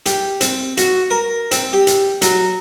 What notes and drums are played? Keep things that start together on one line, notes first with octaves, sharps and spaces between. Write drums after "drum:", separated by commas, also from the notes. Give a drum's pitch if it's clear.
G4, drum: hi-hat
C4, drum: hi-hat
F#4, drum: hi-hat
A#4
C4, drum: hi-hat
G4
drum: hi-hat
F#3, drum: hi-hat